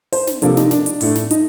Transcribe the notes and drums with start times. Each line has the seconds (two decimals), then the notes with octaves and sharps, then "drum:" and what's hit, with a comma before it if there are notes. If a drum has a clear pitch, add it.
0.12 C5, drum: open hi-hat
0.27 drum: snare
0.42 C3 F3 A#3 D4 A4, drum: hi-hat
0.57 D#4, drum: snare
0.71 D4, drum: snare
0.86 drum: hi-hat
1.01 A2 A3 D4, drum: open hi-hat
1.15 drum: snare
1.31 D#4, drum: hi-hat